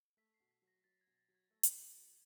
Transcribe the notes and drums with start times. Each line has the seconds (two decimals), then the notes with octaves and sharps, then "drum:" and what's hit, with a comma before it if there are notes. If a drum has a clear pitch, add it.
0.17 A3 B6
0.34 C7
0.40 B2
0.51 B6
0.62 F#3
0.67 A#6
0.84 F#3 A6
1.01 G#6
1.07 B2
1.18 A6
1.28 F#3
1.35 G#6
1.51 A3
1.63 drum: hi-hat
1.74 F#3
1.96 B2